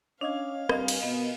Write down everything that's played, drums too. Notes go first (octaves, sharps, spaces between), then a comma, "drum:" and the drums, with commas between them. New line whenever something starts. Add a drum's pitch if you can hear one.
C#4 D4 C#5 D#5 F5 G#6
G2 C4 A#4 D#5 G#5, drum: rim click
drum: cymbal
B2 B3